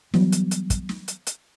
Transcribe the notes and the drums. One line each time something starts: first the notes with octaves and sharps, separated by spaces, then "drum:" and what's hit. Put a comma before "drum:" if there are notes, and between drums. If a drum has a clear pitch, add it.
E3 F#3 G3 B3, drum: snare
drum: hi-hat
drum: hi-hat
drum: kick, hi-hat
drum: snare
drum: hi-hat
drum: hi-hat